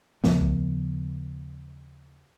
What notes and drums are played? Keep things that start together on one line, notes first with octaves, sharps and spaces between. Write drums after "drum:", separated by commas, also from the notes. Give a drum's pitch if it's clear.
D#2 C#3 F3 B3, drum: snare
drum: kick C2